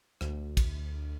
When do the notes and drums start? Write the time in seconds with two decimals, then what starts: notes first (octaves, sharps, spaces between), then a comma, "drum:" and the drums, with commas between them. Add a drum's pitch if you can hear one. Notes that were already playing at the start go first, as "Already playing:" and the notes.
0.21 D2, drum: rim click
0.57 drum: kick, cymbal